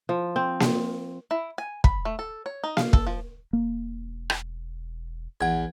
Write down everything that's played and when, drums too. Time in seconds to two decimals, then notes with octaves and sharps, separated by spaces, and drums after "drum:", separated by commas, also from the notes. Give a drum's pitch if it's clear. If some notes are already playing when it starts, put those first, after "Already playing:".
0.09 F3
0.36 C4
0.60 drum: snare A#3
1.31 E4
1.58 G#5
1.84 B5, drum: kick
2.05 A3
2.19 A4
2.46 C#5
2.64 D#4
2.77 F5, drum: snare A#3
2.93 A4, drum: kick
3.07 F3
3.53 E1 A#3
4.30 drum: rim click
5.41 A#1 E2 F#5 G#6